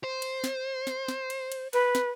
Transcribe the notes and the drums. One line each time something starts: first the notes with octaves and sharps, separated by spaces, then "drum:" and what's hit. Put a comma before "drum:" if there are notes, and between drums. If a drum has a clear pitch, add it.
C5
drum: cymbal
drum: snare
drum: snare
drum: snare
drum: cymbal
drum: cymbal
B4, drum: cymbal
drum: snare